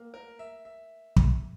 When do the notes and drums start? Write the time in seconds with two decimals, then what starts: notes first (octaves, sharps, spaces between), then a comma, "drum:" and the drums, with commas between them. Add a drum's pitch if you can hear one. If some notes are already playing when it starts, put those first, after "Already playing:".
Already playing: A#3
0.14 A#4
0.39 E5
0.65 E5
1.16 drum: kick